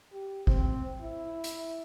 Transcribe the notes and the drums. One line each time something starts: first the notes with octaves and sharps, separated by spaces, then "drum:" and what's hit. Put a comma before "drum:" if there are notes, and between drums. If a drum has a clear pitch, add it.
G4
C4, drum: kick
E4
drum: hi-hat